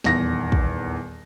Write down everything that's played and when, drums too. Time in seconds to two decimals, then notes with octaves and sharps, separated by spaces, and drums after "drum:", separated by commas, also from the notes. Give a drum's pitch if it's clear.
0.04 D#1 E2 A#6, drum: snare
0.52 drum: kick